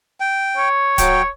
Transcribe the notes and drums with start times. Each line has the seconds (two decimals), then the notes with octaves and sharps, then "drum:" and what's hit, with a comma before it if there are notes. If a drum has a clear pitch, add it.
0.20 G5
0.57 C#5
0.98 F#3 G5, drum: kick D1, hi-hat